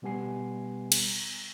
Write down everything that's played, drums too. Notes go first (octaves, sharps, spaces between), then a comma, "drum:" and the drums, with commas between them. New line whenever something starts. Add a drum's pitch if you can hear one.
B2 G3 B3 G4 G#5 C7
drum: cymbal